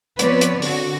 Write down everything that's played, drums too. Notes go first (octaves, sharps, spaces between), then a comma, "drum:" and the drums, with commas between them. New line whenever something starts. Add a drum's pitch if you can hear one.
F3 B3 C4 B4 C#5 D5, drum: hi-hat
drum: hi-hat
D3 F#4, drum: open hi-hat